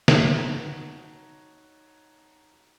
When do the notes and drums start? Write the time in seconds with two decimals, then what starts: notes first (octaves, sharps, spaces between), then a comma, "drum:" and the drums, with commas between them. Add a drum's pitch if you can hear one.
0.08 D#4 F#4 C#5 A5, drum: snare